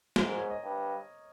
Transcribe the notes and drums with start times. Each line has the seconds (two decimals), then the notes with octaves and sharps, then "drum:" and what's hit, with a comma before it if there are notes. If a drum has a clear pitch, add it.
0.16 C5, drum: snare
0.21 G#2 A#4
0.36 C#5
0.50 D#5
0.64 G2